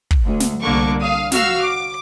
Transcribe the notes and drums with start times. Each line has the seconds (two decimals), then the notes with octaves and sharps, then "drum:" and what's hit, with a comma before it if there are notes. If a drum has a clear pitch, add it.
0.11 drum: kick
0.24 D2
0.40 drum: snare
0.61 C2 D3 A#3 D4 C#6 D6
0.99 F5 D#6
1.32 F#4 F5 E6 F6, drum: snare
1.62 D6